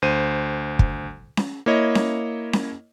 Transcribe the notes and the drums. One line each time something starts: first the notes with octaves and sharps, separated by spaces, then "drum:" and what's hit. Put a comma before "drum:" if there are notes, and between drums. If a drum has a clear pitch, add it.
D2 C5 D#7
drum: kick
drum: snare C#4
A#3 E4 C#5 D#5
drum: snare C#4
drum: snare C#4